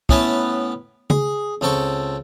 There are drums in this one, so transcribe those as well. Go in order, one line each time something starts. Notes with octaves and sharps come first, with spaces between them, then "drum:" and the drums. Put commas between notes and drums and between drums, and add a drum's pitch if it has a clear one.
A2 B3 C#4 B4 G#5 A5, drum: kick
G#4, drum: tom C#3
C#2 C4 A4 C#6